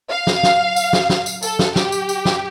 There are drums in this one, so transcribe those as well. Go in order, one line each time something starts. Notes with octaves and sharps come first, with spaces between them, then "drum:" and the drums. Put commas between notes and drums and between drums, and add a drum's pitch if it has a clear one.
F5
drum: snare
drum: snare
drum: tambourine
drum: snare
drum: snare
drum: tambourine
A4, drum: tambourine
drum: snare
G4, drum: snare
drum: tambourine
drum: tambourine
drum: snare